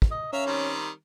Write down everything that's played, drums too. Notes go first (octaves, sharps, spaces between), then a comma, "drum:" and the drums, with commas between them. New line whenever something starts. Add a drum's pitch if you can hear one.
drum: kick
D#5
C#4 A#4 E5 F5
D#3 G3 C4